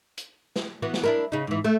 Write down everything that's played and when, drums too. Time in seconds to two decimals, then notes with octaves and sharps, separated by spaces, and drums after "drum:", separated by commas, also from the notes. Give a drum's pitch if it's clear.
0.17 drum: hi-hat
0.56 drum: snare
0.82 E3 B3 F#4
0.94 drum: snare
1.03 D4 E4 A#4
1.32 C#3 D#4
1.47 G#2 E3
1.64 A3